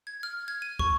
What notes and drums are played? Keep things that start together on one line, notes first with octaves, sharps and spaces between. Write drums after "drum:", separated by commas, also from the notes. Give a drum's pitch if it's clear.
G#6
F6
G#6
D#7
C#6, drum: kick